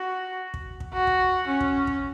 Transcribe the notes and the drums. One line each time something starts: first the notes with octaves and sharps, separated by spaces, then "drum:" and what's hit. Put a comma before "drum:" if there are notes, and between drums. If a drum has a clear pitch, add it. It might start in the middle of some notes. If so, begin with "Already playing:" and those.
Already playing: F#4
drum: kick
drum: kick
F#4
drum: kick
C#4
drum: kick
drum: kick